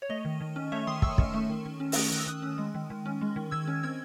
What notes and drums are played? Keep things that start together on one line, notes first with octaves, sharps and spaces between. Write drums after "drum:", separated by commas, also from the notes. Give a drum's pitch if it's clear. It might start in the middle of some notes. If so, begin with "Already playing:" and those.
C#5
A3 D#5
D#3
D#3
C#4
A3 C#5 E5
D#3 C6 D#6
D#3 C#6 E6, drum: kick
C#4, drum: kick
A3
D#3
D#3
C#4
E6, drum: open hi-hat
A3 D#6 F#6
D#3
E6
D#3 D#6 F#6
C#4
G#3
D#3
D#3
C#4
G#3
D#3
D#3 E6 G#6
C#4
C4 E6 G#6